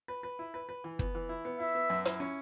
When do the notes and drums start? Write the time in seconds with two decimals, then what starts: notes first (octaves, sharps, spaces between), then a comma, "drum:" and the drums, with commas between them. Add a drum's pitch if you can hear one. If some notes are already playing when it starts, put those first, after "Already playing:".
0.08 B4
0.23 B4
0.39 E4
0.54 B4
0.69 B4
0.84 E3
0.99 B3, drum: kick
1.15 E3
1.29 E4
1.45 B3
1.60 E4 E5
1.75 B3
1.90 F#2
2.05 E4, drum: hi-hat
2.20 C#4